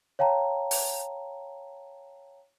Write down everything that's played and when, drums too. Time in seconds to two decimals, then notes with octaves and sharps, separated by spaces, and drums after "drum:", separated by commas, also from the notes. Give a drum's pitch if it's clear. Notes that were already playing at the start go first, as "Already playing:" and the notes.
0.19 C#5 F5 G5 A5 A#5
0.71 drum: open hi-hat